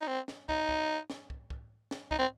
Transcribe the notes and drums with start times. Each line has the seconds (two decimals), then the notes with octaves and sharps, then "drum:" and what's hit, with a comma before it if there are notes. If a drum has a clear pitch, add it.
0.01 D#4
0.07 C4
0.28 drum: snare
0.49 D#4, drum: kick
0.69 drum: kick
1.10 drum: snare
1.30 drum: kick
1.50 drum: kick
1.91 drum: snare
2.11 D#4, drum: kick
2.19 C4